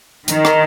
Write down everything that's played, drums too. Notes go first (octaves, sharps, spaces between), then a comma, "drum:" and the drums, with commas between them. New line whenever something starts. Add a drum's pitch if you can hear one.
D#3, drum: hi-hat
drum: rim click